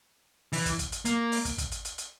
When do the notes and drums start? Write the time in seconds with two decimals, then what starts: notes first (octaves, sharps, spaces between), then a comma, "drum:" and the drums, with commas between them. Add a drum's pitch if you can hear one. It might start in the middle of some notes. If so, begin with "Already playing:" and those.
0.53 E3, drum: open hi-hat
0.66 drum: kick, hi-hat
0.79 drum: kick, hi-hat
0.92 drum: hi-hat
1.05 A#3, drum: hi-hat
1.32 drum: open hi-hat
1.45 drum: kick, hi-hat
1.58 drum: kick, hi-hat
1.71 drum: hi-hat
1.85 drum: hi-hat
1.98 drum: hi-hat